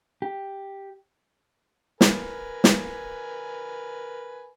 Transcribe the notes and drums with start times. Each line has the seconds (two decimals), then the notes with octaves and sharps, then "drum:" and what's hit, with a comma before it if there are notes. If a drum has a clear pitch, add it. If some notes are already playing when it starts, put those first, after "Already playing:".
0.22 G4
2.01 A#4 B4 G#5, drum: snare
2.64 drum: snare